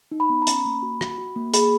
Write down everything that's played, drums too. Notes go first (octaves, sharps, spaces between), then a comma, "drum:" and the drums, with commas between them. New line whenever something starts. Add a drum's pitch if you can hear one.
D#4
B5
B3
A#5
C#4 B5, drum: hi-hat
A#3
F#4
F#4, drum: rim click
F#4
A#3
G#4 B5, drum: hi-hat